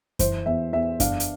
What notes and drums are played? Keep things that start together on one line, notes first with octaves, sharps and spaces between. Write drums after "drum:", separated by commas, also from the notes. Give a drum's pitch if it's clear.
E3 C5, drum: kick F#2, hi-hat
E2 E5
E2 E5
D4 F5, drum: kick F#2, hi-hat
drum: hi-hat